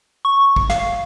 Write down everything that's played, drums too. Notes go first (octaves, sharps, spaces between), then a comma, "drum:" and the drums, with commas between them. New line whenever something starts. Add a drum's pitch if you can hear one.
C#6
drum: kick
F5, drum: snare